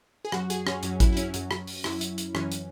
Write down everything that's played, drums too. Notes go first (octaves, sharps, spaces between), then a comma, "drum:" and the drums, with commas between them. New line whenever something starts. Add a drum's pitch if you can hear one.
G#4
F#2 F#3 F#4, drum: rim click
G#4, drum: hi-hat
C#4, drum: rim click
F#2 F#3 C#4, drum: hi-hat
E4, drum: kick, hi-hat
E4
C#4, drum: hi-hat
F#2 F#3, drum: hi-hat
drum: rim click
drum: open hi-hat
F#2 F#3 E4, drum: rim click
drum: hi-hat
drum: hi-hat
F#2 E3 C#4, drum: rim click
drum: hi-hat